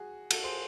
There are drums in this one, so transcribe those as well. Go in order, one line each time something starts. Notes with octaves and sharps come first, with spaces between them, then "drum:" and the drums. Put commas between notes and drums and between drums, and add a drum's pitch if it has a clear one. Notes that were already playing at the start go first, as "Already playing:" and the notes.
Already playing: F#4 G#4
F#4 A4, drum: cymbal
G#4 C5